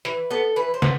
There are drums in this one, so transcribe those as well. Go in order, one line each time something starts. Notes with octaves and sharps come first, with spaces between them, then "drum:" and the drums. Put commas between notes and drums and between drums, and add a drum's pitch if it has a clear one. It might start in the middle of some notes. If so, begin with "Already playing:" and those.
E3 B4, drum: hi-hat
B3 A4
E3 B4
C5
B3, drum: snare